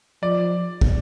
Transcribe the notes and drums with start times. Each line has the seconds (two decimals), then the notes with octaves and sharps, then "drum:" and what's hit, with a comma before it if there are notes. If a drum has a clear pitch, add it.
0.23 F3 D5
0.81 drum: kick